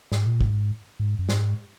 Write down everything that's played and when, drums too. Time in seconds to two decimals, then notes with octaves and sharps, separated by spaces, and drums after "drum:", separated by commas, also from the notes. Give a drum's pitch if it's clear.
0.12 G#2, drum: snare
0.26 A#2
0.41 G#2, drum: kick
1.00 G#2
1.19 F#2
1.29 G#2, drum: snare